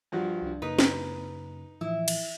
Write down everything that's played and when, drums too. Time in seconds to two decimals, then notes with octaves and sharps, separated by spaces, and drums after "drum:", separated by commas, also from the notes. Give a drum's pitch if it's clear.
0.12 G2 F3 F#4
0.42 C2 D4
0.62 F#2 C#3 A#3 D#4 B4
0.79 drum: snare
1.81 A2 E3 F3 E4
2.08 drum: cymbal